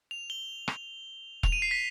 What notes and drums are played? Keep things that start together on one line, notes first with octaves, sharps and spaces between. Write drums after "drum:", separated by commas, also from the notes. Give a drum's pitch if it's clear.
F7
G7
drum: rim click
F7, drum: kick E1
D#7
C7
B6